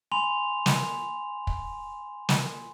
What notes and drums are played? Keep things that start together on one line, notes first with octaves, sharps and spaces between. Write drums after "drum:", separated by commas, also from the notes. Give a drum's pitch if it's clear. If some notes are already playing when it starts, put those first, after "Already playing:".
G#5 B5 C6 F7
drum: snare
drum: kick
drum: snare